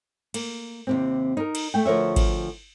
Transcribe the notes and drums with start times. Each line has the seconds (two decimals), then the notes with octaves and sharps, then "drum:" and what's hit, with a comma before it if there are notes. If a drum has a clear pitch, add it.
0.34 A#3, drum: cymbal
0.87 D#2 C3 C4
1.37 D#4 A#4
1.55 drum: cymbal
1.74 A3 G5
1.86 D2 F3 A#4 C#5 E5
2.16 drum: kick G#1, cymbal